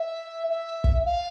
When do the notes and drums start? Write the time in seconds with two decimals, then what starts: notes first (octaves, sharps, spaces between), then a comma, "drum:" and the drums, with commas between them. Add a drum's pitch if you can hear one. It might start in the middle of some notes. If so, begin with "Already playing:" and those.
Already playing: E5
0.49 E5
0.84 drum: kick
1.06 F5